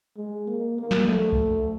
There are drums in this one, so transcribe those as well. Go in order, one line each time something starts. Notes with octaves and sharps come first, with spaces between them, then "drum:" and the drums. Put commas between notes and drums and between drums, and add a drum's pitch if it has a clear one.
G#3
A#3
A#3
drum: snare
A3, drum: tom F3
drum: kick C2